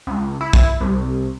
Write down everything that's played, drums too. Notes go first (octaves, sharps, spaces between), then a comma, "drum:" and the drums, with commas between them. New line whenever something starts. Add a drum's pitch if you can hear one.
C#2
E4
drum: kick
C2